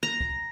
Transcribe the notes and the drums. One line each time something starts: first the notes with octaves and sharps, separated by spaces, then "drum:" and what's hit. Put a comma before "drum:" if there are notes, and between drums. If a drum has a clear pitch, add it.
A#5
drum: kick